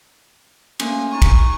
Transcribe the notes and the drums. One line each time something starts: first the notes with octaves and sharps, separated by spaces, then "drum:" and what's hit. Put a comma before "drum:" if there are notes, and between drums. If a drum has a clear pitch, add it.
A3 A#3 C#4 G#5, drum: cymbal
D#4 G#5 C#6
drum: kick, cymbal